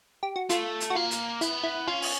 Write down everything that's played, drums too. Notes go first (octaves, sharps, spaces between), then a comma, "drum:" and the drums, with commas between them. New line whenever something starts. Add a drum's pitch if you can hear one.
G4
F#4
A3 F4, drum: hi-hat
drum: hi-hat
F#4
A#3 F4
drum: hi-hat
B3 E4, drum: hi-hat
E4
C#4 F4
drum: open hi-hat